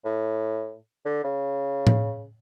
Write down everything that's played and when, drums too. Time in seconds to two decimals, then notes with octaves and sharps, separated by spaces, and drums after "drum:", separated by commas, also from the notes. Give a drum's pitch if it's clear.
0.05 A2
1.05 D3
1.24 C#3
1.87 drum: tom A2